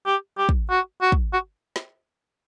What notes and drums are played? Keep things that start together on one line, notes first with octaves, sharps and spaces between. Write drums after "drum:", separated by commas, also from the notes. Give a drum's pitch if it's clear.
G4
G4
drum: kick
F#4
F#4
drum: kick
F#4
drum: snare